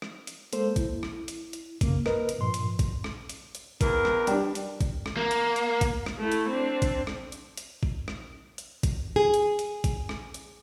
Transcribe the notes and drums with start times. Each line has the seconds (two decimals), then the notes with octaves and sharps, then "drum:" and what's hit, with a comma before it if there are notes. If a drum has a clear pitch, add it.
0.02 drum: rim click
0.27 drum: hi-hat
0.53 G#3 A#3 A4 C5, drum: hi-hat
0.76 E4, drum: kick, hi-hat
1.03 drum: rim click
1.28 drum: hi-hat
1.53 drum: hi-hat
1.81 F#2 C#3 A#3, drum: kick, hi-hat
2.06 A#4 B4 D#5, drum: rim click
2.29 drum: hi-hat
2.38 G2 A#2 F3 C6
2.54 drum: hi-hat
2.79 drum: kick, hi-hat
3.04 drum: rim click
3.29 drum: hi-hat
3.55 drum: hi-hat
3.81 E2 A#4, drum: kick, hi-hat
4.05 drum: rim click
4.27 G3 D4, drum: hi-hat
4.55 drum: hi-hat
4.81 drum: kick, hi-hat
5.06 drum: rim click
5.17 A#3
5.31 drum: hi-hat
5.56 drum: hi-hat
5.81 drum: kick, hi-hat
6.06 drum: rim click
6.19 A3 E4
6.32 drum: hi-hat
6.49 C4 D4
6.82 drum: kick, hi-hat
7.07 drum: rim click
7.32 drum: hi-hat
7.57 drum: hi-hat
7.83 drum: kick
8.08 drum: rim click
8.58 drum: hi-hat
8.83 drum: kick, hi-hat
9.16 G#4
9.34 drum: hi-hat
9.59 drum: hi-hat
9.84 drum: kick, hi-hat
10.09 drum: rim click
10.34 drum: hi-hat